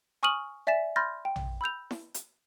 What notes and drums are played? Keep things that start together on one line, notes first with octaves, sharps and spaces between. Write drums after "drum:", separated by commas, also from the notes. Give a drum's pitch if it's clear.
G#5 C#6 D#6 F6 D#7 F#7
D5 E5 G#5 A6 B6 E7
B5 C6 F6 G6 A6 A#6
G5
drum: tom
B5 E6 G6 F7
drum: snare E4
drum: hi-hat